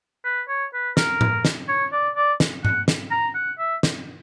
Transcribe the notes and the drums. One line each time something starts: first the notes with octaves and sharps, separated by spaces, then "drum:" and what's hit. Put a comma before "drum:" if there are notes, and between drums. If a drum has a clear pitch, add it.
B4
C#5
B4
A#4, drum: snare
drum: tom A2
drum: snare
C#5
D5
D5
drum: snare
F#5, drum: tom G#2
drum: snare
A#5
F#5
E5
drum: snare